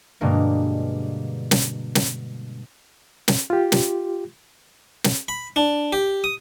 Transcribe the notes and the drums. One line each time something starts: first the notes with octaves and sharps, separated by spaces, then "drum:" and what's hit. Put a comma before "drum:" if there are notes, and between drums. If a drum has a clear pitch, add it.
G2 B2 D3 G#3 A#3
drum: snare
drum: snare
drum: snare
F4 G4
drum: snare
drum: snare
B5
D4
G4
D#6